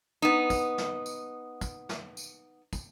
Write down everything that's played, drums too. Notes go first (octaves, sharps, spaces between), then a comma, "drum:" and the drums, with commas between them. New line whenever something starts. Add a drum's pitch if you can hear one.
B3 D#4
drum: kick, tambourine
drum: snare
drum: tambourine
drum: kick, tambourine
drum: snare
drum: tambourine
drum: kick, tambourine